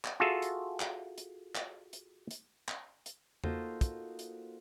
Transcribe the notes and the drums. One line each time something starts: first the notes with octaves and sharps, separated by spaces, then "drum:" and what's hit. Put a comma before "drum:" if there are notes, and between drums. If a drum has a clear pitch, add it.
drum: clap
F4 F#4 G#4 A4 E5
drum: hi-hat
drum: clap
drum: hi-hat
drum: clap
drum: hi-hat
drum: hi-hat
drum: clap
drum: hi-hat
A#3 D#4 F4 F#4 A4 C5, drum: tom E2
drum: kick, hi-hat
drum: hi-hat